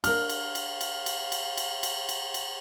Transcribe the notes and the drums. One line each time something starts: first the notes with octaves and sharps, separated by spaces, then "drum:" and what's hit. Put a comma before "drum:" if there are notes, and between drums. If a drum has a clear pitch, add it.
D4 A#4 F5 F6, drum: cymbal
drum: cymbal
drum: cymbal
drum: cymbal
drum: cymbal
drum: cymbal
drum: cymbal
drum: cymbal
drum: cymbal
drum: cymbal